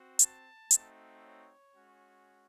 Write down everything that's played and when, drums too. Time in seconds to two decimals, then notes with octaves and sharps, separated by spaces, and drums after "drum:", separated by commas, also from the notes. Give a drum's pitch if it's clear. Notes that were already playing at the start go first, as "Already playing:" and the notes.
Already playing: C4 F#4
0.19 A5, drum: hi-hat
0.71 A3 C4 D#4 F#4, drum: hi-hat
1.22 C#5
1.74 G#3 C#4 F#4